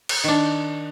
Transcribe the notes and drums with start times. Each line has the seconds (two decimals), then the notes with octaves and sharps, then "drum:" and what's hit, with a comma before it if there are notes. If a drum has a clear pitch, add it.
0.09 drum: cymbal
0.24 D#3 D4